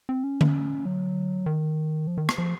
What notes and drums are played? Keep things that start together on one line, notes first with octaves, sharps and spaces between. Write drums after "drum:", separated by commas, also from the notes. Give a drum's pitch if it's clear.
C4
C#4
drum: tom D3
F#3
D#3
F3
D#3
drum: rim click
F3